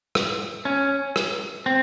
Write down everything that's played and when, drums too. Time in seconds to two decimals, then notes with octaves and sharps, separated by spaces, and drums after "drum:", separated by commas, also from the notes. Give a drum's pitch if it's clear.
0.15 drum: rim click
0.65 C#4
1.16 drum: rim click
1.66 C4